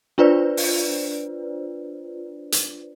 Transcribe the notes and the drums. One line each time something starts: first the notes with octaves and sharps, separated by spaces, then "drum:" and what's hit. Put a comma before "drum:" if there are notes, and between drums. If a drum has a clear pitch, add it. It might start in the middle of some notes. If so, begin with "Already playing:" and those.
D4 F4 B4 C5 D5
drum: open hi-hat
drum: hi-hat